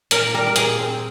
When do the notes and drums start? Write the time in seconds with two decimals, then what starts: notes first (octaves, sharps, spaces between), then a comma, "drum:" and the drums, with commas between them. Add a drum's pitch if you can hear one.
0.11 A#2 A#4, drum: hi-hat
0.34 G3 A#4
0.47 A#4
0.56 A#2 G#4, drum: hi-hat
0.79 C4